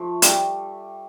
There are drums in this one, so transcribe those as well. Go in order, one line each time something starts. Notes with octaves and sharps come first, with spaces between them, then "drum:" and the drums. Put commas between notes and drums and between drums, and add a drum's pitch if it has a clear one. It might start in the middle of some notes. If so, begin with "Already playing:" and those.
Already playing: F3 A3
G3, drum: hi-hat